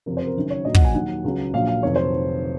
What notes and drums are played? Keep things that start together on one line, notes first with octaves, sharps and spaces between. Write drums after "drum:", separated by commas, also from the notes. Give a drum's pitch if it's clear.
F#1 F2 C3 F3 A#4
C5
A#4
F#1 F#2 D#3
C#5
A#1 A#2 F#3 D#5
F#5, drum: kick
G#5
D#2 D#3 F#3 F#5
C#2 C#3 F#3
A#1 A#2 F#3 F5
F5
F1 F2 D#3 F#3 C#5
C5